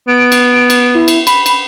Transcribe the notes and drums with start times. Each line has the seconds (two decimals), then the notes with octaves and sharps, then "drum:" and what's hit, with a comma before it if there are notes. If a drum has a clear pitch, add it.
0.08 B3 D7
0.32 drum: cymbal
0.70 drum: cymbal
0.95 E4
1.08 drum: cymbal
1.27 B5, drum: cymbal
1.46 drum: cymbal